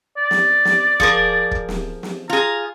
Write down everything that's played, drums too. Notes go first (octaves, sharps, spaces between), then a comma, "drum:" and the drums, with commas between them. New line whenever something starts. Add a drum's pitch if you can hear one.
D5
drum: snare
drum: snare
F3 G#4 A#4, drum: kick
drum: kick
drum: snare
drum: snare
F4 G#4 A#5